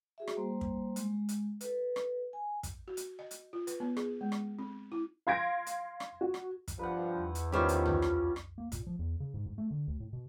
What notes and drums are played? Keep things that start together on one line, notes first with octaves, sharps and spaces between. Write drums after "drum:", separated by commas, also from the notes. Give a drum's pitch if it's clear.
F#4 G#4 E5
drum: rim click
G3 A#3 C5 C6
drum: kick
G#3, drum: hi-hat
drum: hi-hat
A4 B4, drum: hi-hat
drum: rim click
G#5
drum: kick, hi-hat
F#4
drum: hi-hat
D#5
drum: hi-hat
F4
B4, drum: hi-hat
B3
G#4, drum: rim click
G#3
drum: rim click
C4
E4
F5 C6 G#6 A#6 D7
drum: hi-hat
drum: rim click
F#4
drum: rim click
drum: kick, hi-hat
G2 F3 B4 F#5
E2
drum: hi-hat
D#3 G3 B3 C#4 F4 G4 C5 C#5
drum: hi-hat
drum: tom
drum: rim click
drum: rim click
A#3
A#2, drum: kick, hi-hat
F3
E2
C#3
G#2
G#2
A3
D3
D2
A2
B2